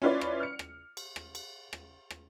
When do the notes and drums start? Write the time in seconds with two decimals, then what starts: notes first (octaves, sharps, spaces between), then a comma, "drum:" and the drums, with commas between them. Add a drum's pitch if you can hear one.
0.02 C#4 E4 F4 B4 C#5 D5
0.21 drum: rim click
0.40 F6 C#7
0.59 drum: rim click
0.97 drum: cymbal
1.16 drum: rim click
1.35 drum: cymbal
1.73 drum: rim click
2.10 drum: rim click